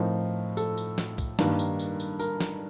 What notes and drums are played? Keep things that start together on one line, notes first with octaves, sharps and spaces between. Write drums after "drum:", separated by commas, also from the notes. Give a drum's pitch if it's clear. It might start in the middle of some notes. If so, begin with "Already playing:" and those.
Already playing: A2 F3 C4 D#4 A#4
A4, drum: tambourine
drum: tambourine
drum: snare
drum: kick C2, tambourine
G2 D#3 A#3, drum: snare
drum: tambourine
drum: tambourine
drum: tambourine
A#4, drum: tambourine
drum: snare